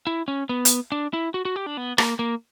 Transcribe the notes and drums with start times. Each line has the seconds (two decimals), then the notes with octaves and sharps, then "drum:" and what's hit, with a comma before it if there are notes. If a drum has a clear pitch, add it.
0.07 E4
0.28 C#4
0.49 B3
0.65 drum: hi-hat
0.92 D4
1.13 E4
1.34 F#4
1.45 F#4
1.56 G4
1.66 D4
1.77 B3
1.98 A#3, drum: rim click
2.19 A#3